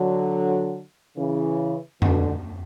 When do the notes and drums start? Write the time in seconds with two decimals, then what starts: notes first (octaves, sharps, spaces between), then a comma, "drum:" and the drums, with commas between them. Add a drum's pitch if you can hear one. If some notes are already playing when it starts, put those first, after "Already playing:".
Already playing: D3 F#3
1.17 C#3 E3
2.02 B2 D3, drum: tom F2